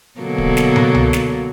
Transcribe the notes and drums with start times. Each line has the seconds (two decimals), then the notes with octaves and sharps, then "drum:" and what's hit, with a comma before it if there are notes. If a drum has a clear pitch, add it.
0.19 B2 D3 F#3 A#3 A4
0.38 drum: kick
0.57 drum: snare
0.76 drum: tom
0.94 drum: tom C2
1.13 drum: snare